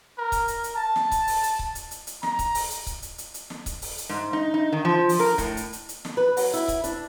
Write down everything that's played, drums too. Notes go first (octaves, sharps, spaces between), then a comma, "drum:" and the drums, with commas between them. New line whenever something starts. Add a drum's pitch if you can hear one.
A#4
drum: kick C#1, hi-hat
drum: hi-hat
drum: hi-hat
A5
drum: snare
drum: kick C#1, hi-hat
drum: open hi-hat
drum: hi-hat
drum: kick C#1
drum: hi-hat
drum: hi-hat
drum: hi-hat
A#5, drum: snare
drum: kick C#1, hi-hat
drum: open hi-hat
drum: hi-hat
drum: kick C#1, hi-hat
drum: hi-hat
drum: hi-hat
drum: hi-hat
drum: snare
drum: kick C#1, hi-hat
drum: open hi-hat
drum: hi-hat
G#2
D#4
D#4
D#3
F3
drum: open hi-hat
A#4
A2, drum: kick C#1, hi-hat
drum: hi-hat
drum: hi-hat
drum: hi-hat
drum: snare
B4
F#3, drum: open hi-hat
E4, drum: hi-hat
drum: kick C#1, hi-hat
D4, drum: hi-hat